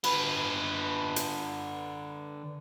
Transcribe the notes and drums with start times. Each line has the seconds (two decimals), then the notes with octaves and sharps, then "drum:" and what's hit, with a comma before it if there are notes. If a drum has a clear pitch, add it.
0.04 D3 B4, drum: cymbal
1.16 drum: hi-hat